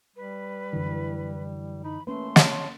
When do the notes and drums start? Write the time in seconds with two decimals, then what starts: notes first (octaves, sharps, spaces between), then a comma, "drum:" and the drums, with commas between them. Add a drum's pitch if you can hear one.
0.16 G3 B4
0.73 F#2 D3 E3 E4
1.84 D#4 B5
2.07 A3 A#3 C#4 B4 C6
2.36 C#5 A5, drum: snare